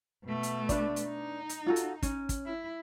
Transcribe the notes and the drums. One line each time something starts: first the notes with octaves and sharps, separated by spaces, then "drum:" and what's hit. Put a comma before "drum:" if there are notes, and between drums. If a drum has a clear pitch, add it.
B2 A3
drum: hi-hat
D4 B4 D5, drum: kick, hi-hat
drum: hi-hat
D#4
drum: hi-hat
F4 F#4 A4
drum: hi-hat
C#4, drum: kick, hi-hat
drum: kick, hi-hat
E4